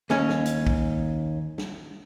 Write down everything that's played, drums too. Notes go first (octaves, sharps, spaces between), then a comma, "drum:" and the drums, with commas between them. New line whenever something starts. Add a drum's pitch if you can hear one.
D#2 C#4, drum: snare
drum: snare
drum: hi-hat
drum: kick
drum: snare